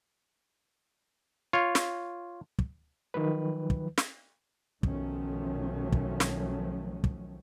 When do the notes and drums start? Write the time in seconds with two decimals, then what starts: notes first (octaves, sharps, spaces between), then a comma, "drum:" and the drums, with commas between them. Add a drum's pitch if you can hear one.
1.53 F4 C#5
1.75 drum: snare
2.59 drum: kick
3.14 D#3 F3 F#3 B4
3.70 drum: kick
3.98 drum: snare
4.83 B1 D#3 F3 F#3 A3 C#4, drum: kick
5.92 drum: kick
6.20 drum: snare
7.04 drum: kick